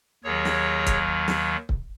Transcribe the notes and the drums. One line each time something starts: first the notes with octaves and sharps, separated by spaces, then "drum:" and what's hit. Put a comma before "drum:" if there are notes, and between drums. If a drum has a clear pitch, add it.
D#2 D#3 F#3 G#4 C#5
drum: snare
drum: kick C#1, hi-hat
drum: snare
drum: kick C#1